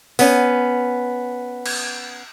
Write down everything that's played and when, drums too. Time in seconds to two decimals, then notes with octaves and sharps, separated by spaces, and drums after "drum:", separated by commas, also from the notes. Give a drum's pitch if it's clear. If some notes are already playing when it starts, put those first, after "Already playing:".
0.19 B3 C#4, drum: open hi-hat
1.66 drum: cymbal